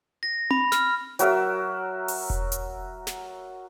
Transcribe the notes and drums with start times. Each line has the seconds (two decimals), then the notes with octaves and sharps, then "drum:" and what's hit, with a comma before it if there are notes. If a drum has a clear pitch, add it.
0.23 A#6
0.51 B5, drum: tom C4
0.72 F6, drum: snare
1.19 F#3 F#4 A#4 E5, drum: hi-hat
2.08 drum: open hi-hat
2.30 drum: kick E1
2.52 drum: hi-hat
3.07 drum: snare